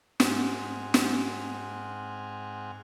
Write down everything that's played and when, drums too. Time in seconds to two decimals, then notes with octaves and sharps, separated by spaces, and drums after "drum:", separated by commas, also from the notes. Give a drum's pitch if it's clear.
0.20 G#2 C4 G#4 F#5 F6, drum: snare
0.94 drum: snare